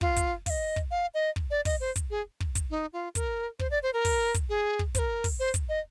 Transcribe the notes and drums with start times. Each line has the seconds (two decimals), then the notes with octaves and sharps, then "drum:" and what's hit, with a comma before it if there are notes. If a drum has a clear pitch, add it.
0.01 F4, drum: kick
0.17 drum: kick, hi-hat
0.46 F5, drum: kick, open hi-hat
0.50 D#5
0.76 drum: kick
0.91 F5
1.14 D#5
1.36 drum: kick
1.50 D5
1.65 D#5, drum: kick, open hi-hat
1.80 C5
1.96 drum: kick, hi-hat
2.10 G#4
2.40 drum: kick
2.55 drum: kick, hi-hat
2.70 D#4
2.93 F4
3.15 A#4, drum: kick, hi-hat
3.59 C5, drum: kick
3.71 D5
3.83 C5
3.93 A#4
4.05 drum: kick, open hi-hat
4.34 drum: kick, hi-hat
4.49 G#4
4.79 drum: kick
4.95 C5, drum: kick, hi-hat
4.99 A#4
5.24 drum: kick, open hi-hat
5.39 C5
5.54 drum: kick, hi-hat
5.69 D#5